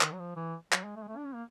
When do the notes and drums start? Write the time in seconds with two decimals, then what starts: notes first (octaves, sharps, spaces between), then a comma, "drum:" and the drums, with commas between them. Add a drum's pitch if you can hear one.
0.01 D#3, drum: clap
0.12 F#3
0.19 F3
0.36 E3
0.72 F#3, drum: clap
0.84 G#3
0.96 A3
1.03 G#3
1.08 A3
1.17 D4
1.26 C#4
1.34 A#3